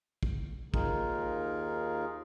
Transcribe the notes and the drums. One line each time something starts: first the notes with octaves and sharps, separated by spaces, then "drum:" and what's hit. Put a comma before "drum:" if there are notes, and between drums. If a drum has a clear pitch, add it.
drum: kick
D#2 D#4 F4 G#4 A#4, drum: kick